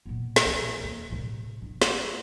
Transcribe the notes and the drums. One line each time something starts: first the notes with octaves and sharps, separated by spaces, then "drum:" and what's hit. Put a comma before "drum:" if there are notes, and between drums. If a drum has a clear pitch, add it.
A#2 B3
drum: snare
C#4 D#4
D#2 A#3
A2 C3
G1
drum: snare